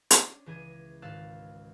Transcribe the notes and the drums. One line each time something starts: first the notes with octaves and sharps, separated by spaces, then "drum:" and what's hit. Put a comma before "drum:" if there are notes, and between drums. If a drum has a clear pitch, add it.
C#4 D4, drum: hi-hat
C#2 E3 G#4 G#6 D#7
G#1 F5 E6 F#6 A6 E7